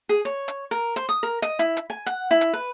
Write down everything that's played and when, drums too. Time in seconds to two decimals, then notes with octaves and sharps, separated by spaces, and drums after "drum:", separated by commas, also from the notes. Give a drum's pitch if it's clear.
0.09 G#4
0.25 C#5
0.48 drum: hi-hat
0.71 A#4
0.96 C5, drum: hi-hat
1.09 D#6
1.23 A#4
1.42 D#5, drum: hi-hat
1.59 E4, drum: hi-hat
1.77 drum: hi-hat
1.90 G#5
2.06 F#5, drum: hi-hat
2.31 E4
2.41 drum: hi-hat
2.53 B4